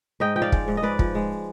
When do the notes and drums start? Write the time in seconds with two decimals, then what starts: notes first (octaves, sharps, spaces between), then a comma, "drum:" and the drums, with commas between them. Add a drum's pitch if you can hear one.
0.20 G#2 D#5 G5
0.36 F3 G5
0.42 D5 F5
0.52 G#3, drum: kick
0.68 G#2
0.77 D#5
0.83 G#2 B4 D5
0.99 F3, drum: kick
1.15 G#3